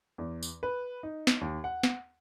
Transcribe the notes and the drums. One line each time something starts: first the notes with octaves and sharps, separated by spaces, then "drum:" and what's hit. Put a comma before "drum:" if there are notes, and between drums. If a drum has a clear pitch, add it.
E2
drum: tambourine
B4
D#4
drum: snare
D#2
F#5
drum: snare